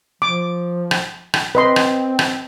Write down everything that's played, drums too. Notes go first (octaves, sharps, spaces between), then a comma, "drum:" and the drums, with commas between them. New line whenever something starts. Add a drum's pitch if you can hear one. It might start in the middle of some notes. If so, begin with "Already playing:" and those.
F3 D6
drum: rim click
drum: rim click
C4 B4 D#5 C6
drum: rim click
drum: rim click